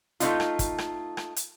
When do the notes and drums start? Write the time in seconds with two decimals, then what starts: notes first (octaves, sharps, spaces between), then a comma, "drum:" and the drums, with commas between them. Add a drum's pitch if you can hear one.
0.20 A3 C4 D#4 F4, drum: hi-hat
0.40 drum: rim click
0.59 drum: kick, hi-hat
0.78 drum: rim click
1.17 drum: rim click
1.36 drum: hi-hat